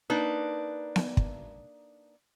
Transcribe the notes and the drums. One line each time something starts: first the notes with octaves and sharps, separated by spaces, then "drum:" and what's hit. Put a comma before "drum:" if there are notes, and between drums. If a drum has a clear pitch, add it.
A#3 D4 D#4 B4
drum: snare B3
drum: kick